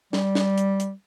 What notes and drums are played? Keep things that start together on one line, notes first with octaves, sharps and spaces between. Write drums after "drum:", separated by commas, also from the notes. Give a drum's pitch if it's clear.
G3, drum: snare
drum: snare
drum: hi-hat
drum: hi-hat